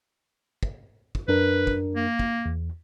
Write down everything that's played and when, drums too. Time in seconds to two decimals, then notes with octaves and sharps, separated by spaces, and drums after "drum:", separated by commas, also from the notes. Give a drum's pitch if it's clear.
0.63 drum: kick
1.15 drum: kick
1.28 F#2 D4 A#4 B4
1.67 drum: kick
1.96 A#3
2.19 drum: kick
2.46 E2